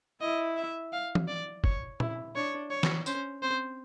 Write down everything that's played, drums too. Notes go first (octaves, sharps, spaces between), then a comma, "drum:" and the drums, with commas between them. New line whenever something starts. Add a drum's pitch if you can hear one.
E4 D#5
E5
F5
drum: tom
D5
C#5, drum: kick
E4, drum: tom
D4 C#5
C#5
drum: snare E3
C#4 C5, drum: tambourine
C4 C5